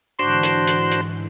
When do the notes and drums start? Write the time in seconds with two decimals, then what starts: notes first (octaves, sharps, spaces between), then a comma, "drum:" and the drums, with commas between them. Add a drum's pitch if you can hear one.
0.19 G#2 D3 E3 D4 F#4 C5 C6
0.43 drum: hi-hat
0.68 drum: hi-hat
0.92 drum: hi-hat